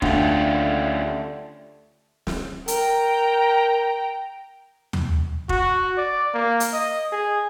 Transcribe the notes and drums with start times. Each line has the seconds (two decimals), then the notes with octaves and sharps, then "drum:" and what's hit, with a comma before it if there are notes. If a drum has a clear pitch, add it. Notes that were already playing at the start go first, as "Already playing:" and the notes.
0.02 D2 D3 A3 C#4 F4 G4, drum: kick
2.27 drum: snare
2.68 A#4 G5 A#5, drum: hi-hat
4.93 drum: tom D#2
5.49 F#4, drum: kick
5.97 D5
6.34 A#3
6.60 drum: hi-hat
6.73 D#5
7.12 G#4